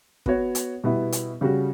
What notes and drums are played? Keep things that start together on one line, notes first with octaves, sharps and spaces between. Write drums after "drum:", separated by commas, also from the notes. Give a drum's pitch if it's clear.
B3 F#4 C#5, drum: kick
drum: hi-hat
B2 G3 B3 E4
drum: hi-hat
C#3 G3 C#4 F#4